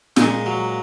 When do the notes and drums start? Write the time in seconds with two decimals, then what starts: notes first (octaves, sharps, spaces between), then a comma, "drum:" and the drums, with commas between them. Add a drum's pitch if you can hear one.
0.16 A#2 G#3, drum: snare
0.46 F#3